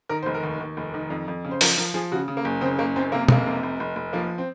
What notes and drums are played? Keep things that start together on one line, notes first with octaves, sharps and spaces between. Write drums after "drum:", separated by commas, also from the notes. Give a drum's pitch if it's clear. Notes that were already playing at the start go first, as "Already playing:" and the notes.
D#3 A#4
C5
F1
A#4
D#2
D#2
F1
D#3
F2
F2
C#3
C5
F3 A#4, drum: open hi-hat
F3 A#4
F3 G#4
C#3 F#4
C#3
A#3
F#1
C#3 C4
F#1 A#3
F#2 C4
C3 A#3
F1 A#3, drum: tom B2
C3
F1
F1
F1
F3 A#3
C4